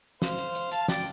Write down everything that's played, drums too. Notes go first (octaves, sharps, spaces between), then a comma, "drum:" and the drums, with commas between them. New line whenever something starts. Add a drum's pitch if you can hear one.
C5 F5, drum: snare
drum: hi-hat
drum: hi-hat
F5 A5, drum: hi-hat
D5 G5, drum: snare